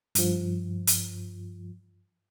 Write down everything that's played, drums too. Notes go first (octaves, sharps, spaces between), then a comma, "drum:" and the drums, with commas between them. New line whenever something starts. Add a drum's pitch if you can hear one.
G2 F3, drum: hi-hat
drum: hi-hat